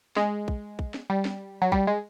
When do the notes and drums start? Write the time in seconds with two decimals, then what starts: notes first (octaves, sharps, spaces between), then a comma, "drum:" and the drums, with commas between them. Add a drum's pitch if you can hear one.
0.16 G#3, drum: snare
0.48 drum: kick
0.79 drum: kick
0.94 drum: snare
1.10 G3
1.25 drum: snare
1.62 F#3
1.72 G3, drum: kick
1.87 G#3